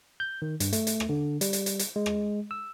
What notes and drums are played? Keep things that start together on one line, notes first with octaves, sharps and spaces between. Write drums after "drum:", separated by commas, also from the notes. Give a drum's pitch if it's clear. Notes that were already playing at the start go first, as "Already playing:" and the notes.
G6
D#3
G2, drum: hi-hat
A3, drum: hi-hat
drum: hi-hat
drum: rim click
D3
G3, drum: hi-hat
drum: hi-hat
drum: hi-hat
drum: hi-hat
G#3
drum: rim click
E6